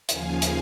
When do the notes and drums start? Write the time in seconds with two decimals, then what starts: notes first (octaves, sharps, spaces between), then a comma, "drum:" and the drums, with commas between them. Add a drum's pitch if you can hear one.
0.09 D#2 C#3 F3 F5 G#5, drum: hi-hat
0.42 drum: hi-hat